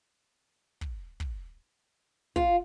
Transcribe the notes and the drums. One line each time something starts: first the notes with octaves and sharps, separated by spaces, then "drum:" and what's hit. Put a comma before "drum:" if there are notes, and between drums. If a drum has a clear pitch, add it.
drum: kick
drum: kick
F4, drum: kick